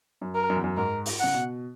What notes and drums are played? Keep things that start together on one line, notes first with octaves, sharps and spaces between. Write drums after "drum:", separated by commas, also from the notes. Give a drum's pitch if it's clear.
F#2
A#4
F#2
E2
F#2
G#2 A#4
drum: open hi-hat
C#3 F#5
B2